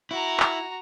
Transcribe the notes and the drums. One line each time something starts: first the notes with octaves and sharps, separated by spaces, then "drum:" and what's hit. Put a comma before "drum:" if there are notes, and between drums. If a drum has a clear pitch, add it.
E4 F#4 A#5
drum: clap